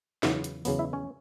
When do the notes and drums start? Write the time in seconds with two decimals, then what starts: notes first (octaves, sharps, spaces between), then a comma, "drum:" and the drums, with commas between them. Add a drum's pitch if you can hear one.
0.23 E2 C#3 F#3 B3 E4, drum: snare
0.44 drum: hi-hat
0.65 E2 C#3 F#3 B3, drum: open hi-hat
0.79 E4 E5
0.93 C#4 C#5